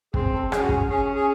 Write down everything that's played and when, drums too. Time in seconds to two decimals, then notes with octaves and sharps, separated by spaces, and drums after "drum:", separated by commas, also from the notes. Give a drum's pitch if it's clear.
0.14 C4 G#4, drum: kick
0.32 A4
0.52 C#4 G#4, drum: rim click
0.60 F#4
0.69 G#4, drum: kick
0.89 C#4 G#4
1.15 G#4